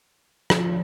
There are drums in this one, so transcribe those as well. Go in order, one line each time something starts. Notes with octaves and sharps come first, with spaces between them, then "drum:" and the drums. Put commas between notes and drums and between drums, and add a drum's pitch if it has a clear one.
F3, drum: rim click